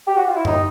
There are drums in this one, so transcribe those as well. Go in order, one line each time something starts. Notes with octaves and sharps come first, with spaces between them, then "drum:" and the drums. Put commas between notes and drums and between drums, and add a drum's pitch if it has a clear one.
G4
F#4
F4
E4
D#2 D#4, drum: tom F#2